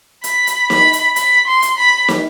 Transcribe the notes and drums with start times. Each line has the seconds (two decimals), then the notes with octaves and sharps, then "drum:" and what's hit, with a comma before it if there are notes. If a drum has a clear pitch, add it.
0.24 B5, drum: hi-hat
0.47 drum: hi-hat
0.70 B5, drum: snare
0.93 drum: hi-hat
1.16 B5, drum: hi-hat
1.48 C6
1.62 drum: hi-hat
1.78 B5
2.08 drum: snare